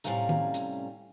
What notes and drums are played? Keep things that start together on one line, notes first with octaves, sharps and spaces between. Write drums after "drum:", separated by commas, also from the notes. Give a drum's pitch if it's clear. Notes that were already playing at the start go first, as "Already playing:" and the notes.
A2 C3 G3 C#4 F5 A#5, drum: hi-hat
drum: tom D#3
drum: hi-hat